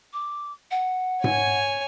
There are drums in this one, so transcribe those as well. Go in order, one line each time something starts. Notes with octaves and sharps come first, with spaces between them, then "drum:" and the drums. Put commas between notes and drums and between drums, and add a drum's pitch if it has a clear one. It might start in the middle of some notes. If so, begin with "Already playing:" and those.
D6
F#5
C#5 G#5, drum: tom G#2